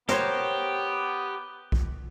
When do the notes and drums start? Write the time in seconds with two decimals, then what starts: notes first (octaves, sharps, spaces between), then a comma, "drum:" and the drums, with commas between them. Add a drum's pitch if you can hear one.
0.09 B3 G4 A#4 C5 C#5, drum: snare
1.72 drum: kick B1